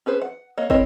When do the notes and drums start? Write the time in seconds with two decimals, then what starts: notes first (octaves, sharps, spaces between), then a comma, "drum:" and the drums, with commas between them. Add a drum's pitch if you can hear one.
0.06 C#4 G#4 B4 C5
0.22 F#5
0.57 A#3 C#5 D#5 F#5
0.70 C4 E4 A#4 C#5 D#5, drum: kick